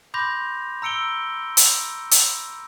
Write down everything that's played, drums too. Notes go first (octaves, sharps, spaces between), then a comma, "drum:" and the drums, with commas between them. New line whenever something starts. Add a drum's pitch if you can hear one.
B5 C6 D6 G6 A#6 F7
A#5 E6 C#7 D7 G7
drum: hi-hat
drum: hi-hat